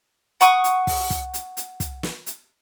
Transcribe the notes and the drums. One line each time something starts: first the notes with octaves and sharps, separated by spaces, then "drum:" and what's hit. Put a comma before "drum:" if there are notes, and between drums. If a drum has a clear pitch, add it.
F#5 C#6 D#6, drum: hi-hat
drum: hi-hat
drum: kick, open hi-hat
drum: kick, hi-hat
drum: hi-hat
drum: hi-hat
drum: kick, hi-hat
drum: snare
drum: hi-hat